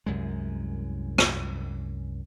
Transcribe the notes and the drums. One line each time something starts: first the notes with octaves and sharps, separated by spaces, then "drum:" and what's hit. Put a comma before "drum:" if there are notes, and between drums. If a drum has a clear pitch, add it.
C2 F#2 G#3
drum: rim click